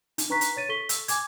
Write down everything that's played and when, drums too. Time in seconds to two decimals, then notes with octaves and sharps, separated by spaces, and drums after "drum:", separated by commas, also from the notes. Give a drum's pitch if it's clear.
0.18 D#4, drum: hi-hat
0.30 D4 B4 A#5 C#6 F#6 B6
0.41 drum: hi-hat
0.56 C#5 A6 D#7
0.69 A4 C#6 B6 G7
0.89 E6, drum: hi-hat
1.08 G#5 D6 G#6, drum: hi-hat